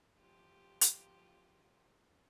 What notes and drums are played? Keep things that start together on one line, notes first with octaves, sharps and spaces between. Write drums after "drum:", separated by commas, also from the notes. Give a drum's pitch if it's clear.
F3 F4 G4
drum: hi-hat